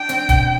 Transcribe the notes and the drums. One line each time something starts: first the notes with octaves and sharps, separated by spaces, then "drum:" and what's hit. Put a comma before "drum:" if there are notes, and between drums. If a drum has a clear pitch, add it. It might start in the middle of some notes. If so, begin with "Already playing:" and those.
Already playing: D4 G5
C4, drum: hi-hat
B2, drum: kick D#1, hi-hat